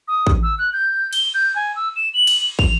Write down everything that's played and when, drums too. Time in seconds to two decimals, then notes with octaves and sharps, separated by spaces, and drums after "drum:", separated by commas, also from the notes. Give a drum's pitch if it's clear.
0.08 D#6
0.27 drum: kick
0.43 E6
0.59 F#6
0.73 G6
1.13 G7, drum: cymbal
1.34 G6
1.56 G#5
1.76 E6
1.96 E7
2.14 F#7
2.27 drum: cymbal
2.59 F7, drum: kick